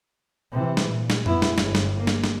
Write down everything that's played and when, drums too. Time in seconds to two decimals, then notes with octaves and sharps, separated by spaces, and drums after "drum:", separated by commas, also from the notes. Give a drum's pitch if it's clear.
0.52 C3 E3
0.77 drum: snare
0.87 A#2
1.10 drum: snare
1.26 B3 E4, drum: tom F2
1.42 drum: snare
1.58 G1, drum: snare
1.75 drum: snare
1.97 A#3
2.07 drum: snare
2.24 drum: snare